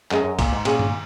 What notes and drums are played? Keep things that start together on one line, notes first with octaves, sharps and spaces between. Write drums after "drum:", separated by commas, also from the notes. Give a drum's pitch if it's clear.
F#2 C#4 G#4 D#5 G#5, drum: clap
F#2
A#2, drum: kick, cymbal
G#2
A#2 C#4 G#4 D#5 G#5, drum: cymbal
drum: tom G2